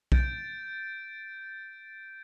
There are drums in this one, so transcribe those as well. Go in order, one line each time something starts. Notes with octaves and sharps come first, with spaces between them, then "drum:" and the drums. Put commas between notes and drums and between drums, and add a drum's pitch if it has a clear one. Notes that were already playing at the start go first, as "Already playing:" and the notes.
G6 A6 D7, drum: kick B1